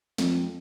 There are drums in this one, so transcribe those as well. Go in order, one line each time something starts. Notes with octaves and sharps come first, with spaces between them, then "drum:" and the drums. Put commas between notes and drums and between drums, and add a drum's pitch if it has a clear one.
F2, drum: snare